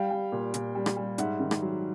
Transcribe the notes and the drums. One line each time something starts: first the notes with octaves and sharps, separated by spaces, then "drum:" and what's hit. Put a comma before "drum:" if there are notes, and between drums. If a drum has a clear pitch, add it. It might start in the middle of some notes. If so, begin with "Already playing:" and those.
Already playing: G3 F5 G5
G3
A#2
A#2, drum: hi-hat
G3
drum: rim click
G3
G#2 E5 F#5, drum: hi-hat
D#3
drum: rim click
F#3